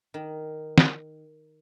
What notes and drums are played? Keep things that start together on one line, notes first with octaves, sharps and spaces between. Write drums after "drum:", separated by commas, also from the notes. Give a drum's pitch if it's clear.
D#3
drum: snare